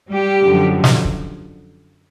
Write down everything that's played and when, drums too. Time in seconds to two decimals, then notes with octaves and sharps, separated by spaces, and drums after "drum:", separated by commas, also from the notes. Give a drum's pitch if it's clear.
0.10 G3 G4
0.42 F#2 D3 F3
0.84 drum: snare
1.05 drum: kick